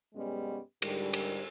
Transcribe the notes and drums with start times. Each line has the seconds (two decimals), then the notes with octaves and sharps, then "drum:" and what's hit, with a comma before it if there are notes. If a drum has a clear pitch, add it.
0.15 F#2 B2 G3 G#3 B3 C#4
0.82 G#2 D3 G3, drum: cymbal
1.13 drum: cymbal